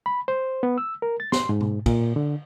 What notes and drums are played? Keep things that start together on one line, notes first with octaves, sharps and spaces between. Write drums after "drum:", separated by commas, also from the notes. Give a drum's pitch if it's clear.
B5
C5
B3
E6
A#4
A6
C6, drum: snare
G#2
drum: tom B2
A#2, drum: kick, cymbal
D3